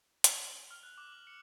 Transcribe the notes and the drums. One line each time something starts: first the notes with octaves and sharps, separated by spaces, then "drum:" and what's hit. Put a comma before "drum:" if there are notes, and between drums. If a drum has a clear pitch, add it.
F7, drum: hi-hat
F#7
G7
F6
F#6
D6
F#7
C#7